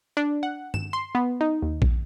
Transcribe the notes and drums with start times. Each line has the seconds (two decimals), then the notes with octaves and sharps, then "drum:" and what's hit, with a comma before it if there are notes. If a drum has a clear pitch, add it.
0.17 D4
0.43 F#5
0.74 E7, drum: tom G2
0.93 C6
1.15 B3
1.41 D#4
1.62 D#2
1.82 drum: kick A#1